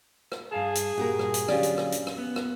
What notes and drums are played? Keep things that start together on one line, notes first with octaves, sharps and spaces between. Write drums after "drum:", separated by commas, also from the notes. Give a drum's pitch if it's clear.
drum: rim click
G2 G#4 F5 A5
drum: hi-hat
G2 A#2 F#4 G4 A#4
drum: rim click
drum: hi-hat
D3 F#3 C#4 F4 G4 D5, drum: rim click
drum: hi-hat
drum: rim click
drum: hi-hat
drum: rim click
B3
drum: rim click